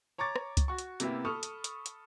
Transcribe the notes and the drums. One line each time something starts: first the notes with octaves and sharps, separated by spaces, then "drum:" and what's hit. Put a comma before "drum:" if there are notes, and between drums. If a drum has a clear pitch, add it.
C#5 A#5 C#6 D6 A6
drum: rim click
drum: kick C#2, hi-hat
F#4 C#6
drum: hi-hat
C3 A#3 B3 E4 G4, drum: hi-hat
A4 A5 B5 C#6 D#6 F6
drum: hi-hat
drum: hi-hat
drum: hi-hat